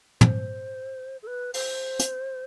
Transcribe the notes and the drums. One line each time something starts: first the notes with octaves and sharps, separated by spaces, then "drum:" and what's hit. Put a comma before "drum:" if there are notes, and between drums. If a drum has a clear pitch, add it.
C5, drum: tom
A4
B4
C5, drum: open hi-hat
drum: hi-hat